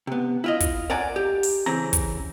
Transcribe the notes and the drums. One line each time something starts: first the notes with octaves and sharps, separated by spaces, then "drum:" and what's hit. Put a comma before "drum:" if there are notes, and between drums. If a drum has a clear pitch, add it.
C3 B3
E4 F4 D#5
drum: kick, hi-hat
A#4 C#5 D5 F#5 G#5 A#5
G4
drum: open hi-hat
C#3 E3 C4 A#5
drum: kick, hi-hat